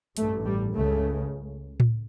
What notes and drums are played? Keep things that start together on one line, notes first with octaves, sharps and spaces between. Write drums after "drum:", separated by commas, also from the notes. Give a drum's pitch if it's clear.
A1 G2 A3, drum: hi-hat
G3
C#2 C#3 A3
drum: tom A2